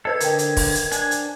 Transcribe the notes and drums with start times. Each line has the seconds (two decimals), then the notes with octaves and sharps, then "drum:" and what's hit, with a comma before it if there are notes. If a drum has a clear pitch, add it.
0.05 A4 B4 C5 D#5 G#6
0.20 D3 A#4 G5, drum: hi-hat
0.38 drum: hi-hat
0.57 drum: kick, open hi-hat
0.75 drum: hi-hat
0.92 D4 G#5, drum: hi-hat
1.11 drum: hi-hat